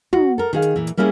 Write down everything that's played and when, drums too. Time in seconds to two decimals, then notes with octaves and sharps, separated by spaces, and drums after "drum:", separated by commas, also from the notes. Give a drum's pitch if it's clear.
0.13 F#4, drum: tom
0.38 A4 A#4
0.53 D#3 G#4 F5
0.62 drum: hi-hat
0.76 A#2 E3
0.87 drum: hi-hat
0.97 G3 A#3 C#4 E4 G#4